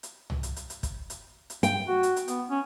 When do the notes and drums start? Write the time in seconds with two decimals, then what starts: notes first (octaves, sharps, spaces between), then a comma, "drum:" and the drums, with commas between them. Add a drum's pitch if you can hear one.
0.03 drum: hi-hat
0.30 drum: tom C2
0.43 drum: hi-hat
0.56 drum: hi-hat
0.70 drum: hi-hat
0.83 drum: kick, hi-hat
1.10 drum: hi-hat
1.50 drum: hi-hat
1.63 G5, drum: hi-hat
1.88 F#4
2.03 drum: hi-hat
2.16 drum: hi-hat
2.28 B3, drum: hi-hat
2.50 C#4